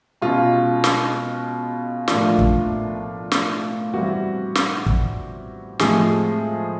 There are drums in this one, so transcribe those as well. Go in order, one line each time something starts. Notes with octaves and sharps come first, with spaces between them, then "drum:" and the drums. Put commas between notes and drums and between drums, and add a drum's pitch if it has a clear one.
B2 G#3 C#4 F4
drum: snare
A2 F3 A#3 D4 F4, drum: snare
drum: kick
drum: snare
E3 G3 C4 F#4
drum: snare
drum: kick
A2 F3 G#3 C4 G#4, drum: snare